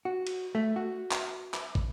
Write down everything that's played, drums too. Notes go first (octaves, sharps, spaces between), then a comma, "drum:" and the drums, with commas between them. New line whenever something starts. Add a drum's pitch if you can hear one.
F#4
drum: cymbal
A3
F#4
drum: clap
drum: clap
drum: kick